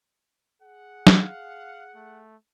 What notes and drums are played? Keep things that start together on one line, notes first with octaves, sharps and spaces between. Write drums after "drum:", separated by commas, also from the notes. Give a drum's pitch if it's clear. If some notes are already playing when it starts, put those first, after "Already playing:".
G#4 F#5
F5, drum: snare F#3
A3